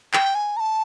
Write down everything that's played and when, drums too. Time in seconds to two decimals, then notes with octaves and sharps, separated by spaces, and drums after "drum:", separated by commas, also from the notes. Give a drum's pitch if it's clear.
0.14 G5, drum: clap
0.35 G#5
0.57 A#5
0.60 A5